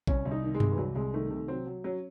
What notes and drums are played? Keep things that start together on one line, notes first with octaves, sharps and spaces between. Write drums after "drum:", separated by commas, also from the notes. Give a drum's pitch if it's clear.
C2 C#4, drum: kick A#1
C2
D#4
D#3
G#3
C3, drum: tom G2
E3
C2 F#3
C2 G#3
D#3 A3
C3 A3
F#3 C4
F#3
F#3 C#4